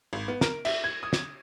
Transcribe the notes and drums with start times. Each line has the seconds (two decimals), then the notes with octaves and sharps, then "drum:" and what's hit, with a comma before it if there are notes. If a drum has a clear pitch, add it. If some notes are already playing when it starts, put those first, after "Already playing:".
0.13 G#1
0.28 B3
0.41 A#4, drum: snare
0.65 E5, drum: cymbal
0.84 G#6
1.03 D#6
1.13 drum: snare